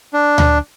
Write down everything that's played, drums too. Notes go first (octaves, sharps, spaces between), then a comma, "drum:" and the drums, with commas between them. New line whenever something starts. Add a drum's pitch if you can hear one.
D4
drum: tom D2